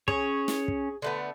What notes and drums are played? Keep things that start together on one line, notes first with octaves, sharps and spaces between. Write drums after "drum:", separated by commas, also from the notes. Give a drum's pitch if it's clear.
C#4 G#4 C#5, drum: kick
drum: snare
drum: kick
D3 A3 B3